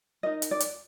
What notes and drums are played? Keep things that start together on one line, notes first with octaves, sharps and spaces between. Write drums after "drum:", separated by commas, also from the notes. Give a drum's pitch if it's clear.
D#4 A#4 D#5
drum: hi-hat
D5
drum: hi-hat